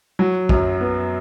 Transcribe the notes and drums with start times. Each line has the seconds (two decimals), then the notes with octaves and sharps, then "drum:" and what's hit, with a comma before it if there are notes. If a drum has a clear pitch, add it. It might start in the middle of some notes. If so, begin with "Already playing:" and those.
0.19 F#3
0.49 F#2, drum: kick
0.81 B3